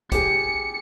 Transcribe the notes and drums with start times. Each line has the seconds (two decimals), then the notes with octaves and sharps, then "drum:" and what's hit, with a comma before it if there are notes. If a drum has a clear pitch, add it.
0.12 G4 G#4 C#7, drum: kick, hi-hat